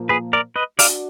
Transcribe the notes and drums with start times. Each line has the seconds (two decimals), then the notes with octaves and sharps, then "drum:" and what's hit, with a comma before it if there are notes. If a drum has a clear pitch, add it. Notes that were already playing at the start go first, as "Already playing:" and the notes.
Already playing: A#2 F3 A#3
0.09 G#4 B4
0.33 A#4 D5
0.56 B4 D#5
0.79 D4 F#4 D5 F5, drum: open hi-hat